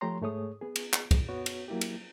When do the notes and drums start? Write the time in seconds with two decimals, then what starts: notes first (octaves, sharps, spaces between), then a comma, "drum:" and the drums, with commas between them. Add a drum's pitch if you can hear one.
0.01 F3 A3 G4 C#5 A#5 C6
0.21 G#2 A3 G#4 C#5 D#6
0.61 B3 G#4
0.76 drum: cymbal
0.93 drum: clap
1.11 drum: kick, cymbal
1.28 B3 F#4 C#5
1.46 drum: cymbal
1.68 F#3 A#3 E4 G4
1.81 drum: cymbal